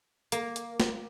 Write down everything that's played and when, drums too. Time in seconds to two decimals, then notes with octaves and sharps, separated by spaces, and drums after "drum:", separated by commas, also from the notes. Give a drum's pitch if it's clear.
0.32 A#3, drum: hi-hat
0.56 drum: hi-hat
0.80 drum: snare